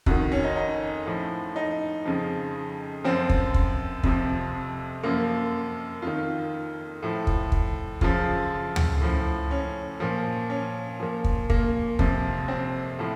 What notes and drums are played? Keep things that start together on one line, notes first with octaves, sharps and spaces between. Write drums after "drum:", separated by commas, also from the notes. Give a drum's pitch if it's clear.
F2 D#3 F#4, drum: kick
C#4
D#4
D#4
A2 F3
D#4
F2 C#3 F3
F#2 F3 C4
drum: kick
drum: kick
F2 C3 F3, drum: kick
F#2 F3 A#3
F2 D#3 F4
A2 F3
drum: kick
drum: kick
F#2 C#3 F3 F4, drum: kick
drum: tom D2
A2 F3
C#4
A#2 F3
C#4
A#2 F3
drum: kick
A#3, drum: kick
F2 C3 F3, drum: kick
C4
A2 F3